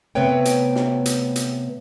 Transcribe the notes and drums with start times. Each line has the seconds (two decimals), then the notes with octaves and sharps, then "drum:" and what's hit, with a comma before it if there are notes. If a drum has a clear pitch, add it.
0.15 C3 A3 B3 B4 C#5 G5
0.45 drum: hi-hat
0.75 drum: snare
1.06 drum: hi-hat
1.36 drum: hi-hat